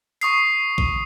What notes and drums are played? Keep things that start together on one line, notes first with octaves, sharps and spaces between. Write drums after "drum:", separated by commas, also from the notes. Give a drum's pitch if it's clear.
C#6 D#6 C7, drum: hi-hat
drum: kick A#1